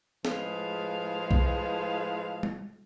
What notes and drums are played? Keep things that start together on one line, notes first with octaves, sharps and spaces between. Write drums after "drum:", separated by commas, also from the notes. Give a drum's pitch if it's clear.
A2 F3 G#3 G#4 B4 F5, drum: snare
drum: kick
drum: tom G3